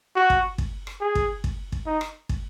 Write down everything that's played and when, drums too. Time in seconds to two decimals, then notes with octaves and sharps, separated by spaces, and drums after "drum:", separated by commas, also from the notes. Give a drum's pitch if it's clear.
0.16 F#4
0.30 drum: kick
0.58 drum: kick
0.87 drum: rim click
1.01 G#4
1.15 drum: kick
1.44 drum: kick
1.72 drum: kick
1.86 D#4
2.01 drum: rim click
2.29 drum: kick